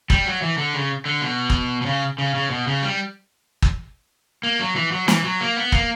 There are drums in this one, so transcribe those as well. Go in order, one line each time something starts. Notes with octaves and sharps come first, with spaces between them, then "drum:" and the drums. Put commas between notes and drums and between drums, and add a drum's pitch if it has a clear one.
G3, drum: kick
F#3
E3
D3
C#3
D3
B2
drum: kick
B2
C#3
C#3
C#3
B2
C#3
G3
drum: kick
A#3
F#3
E3
F#3
E3, drum: snare
F#3
A#3
B3
A#3, drum: kick